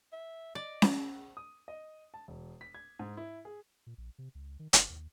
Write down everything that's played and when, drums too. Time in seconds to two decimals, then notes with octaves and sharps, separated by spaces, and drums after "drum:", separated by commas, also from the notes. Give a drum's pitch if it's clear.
0.12 E5
0.55 D5 D#5
0.82 drum: snare C#4
1.37 D#6
1.68 D#5
2.14 A5
2.28 E1
2.61 B6
2.75 G#6
2.99 G#2
3.17 E4
3.45 G#4
3.87 A#2
3.98 A#1
4.18 C3
4.35 C#2
4.59 D#3
4.73 F#1, drum: hi-hat
4.90 D#2